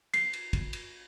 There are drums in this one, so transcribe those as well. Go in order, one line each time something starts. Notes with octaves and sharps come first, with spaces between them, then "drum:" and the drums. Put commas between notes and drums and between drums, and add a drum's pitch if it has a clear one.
C7, drum: cymbal
drum: cymbal
drum: kick, cymbal
drum: cymbal